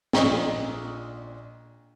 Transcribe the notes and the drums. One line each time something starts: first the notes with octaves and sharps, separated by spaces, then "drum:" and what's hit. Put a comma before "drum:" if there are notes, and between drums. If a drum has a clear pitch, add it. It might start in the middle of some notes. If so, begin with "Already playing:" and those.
A#1 A#2 D#5 A#5 C#6, drum: snare